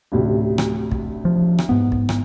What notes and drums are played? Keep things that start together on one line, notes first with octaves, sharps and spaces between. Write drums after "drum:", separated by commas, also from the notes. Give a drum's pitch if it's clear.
A1 D2 C3
drum: rim click
drum: kick
F3
drum: rim click
G#2 B3
drum: kick
drum: rim click